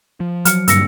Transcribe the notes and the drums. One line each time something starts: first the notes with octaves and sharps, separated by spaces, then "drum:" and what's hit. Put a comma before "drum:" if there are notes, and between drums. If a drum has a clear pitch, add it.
F3
F#3 F6 C#7, drum: hi-hat
G2 A#2 D3 E6 A#6 C#7, drum: hi-hat